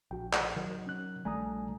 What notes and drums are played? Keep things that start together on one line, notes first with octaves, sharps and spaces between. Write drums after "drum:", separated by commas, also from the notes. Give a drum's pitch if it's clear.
A#1 F#4 G5
drum: clap
D#3 F#3 F#4 A#4
C#4 F#6
A#1 G3 A3 G#5 A#5 D#6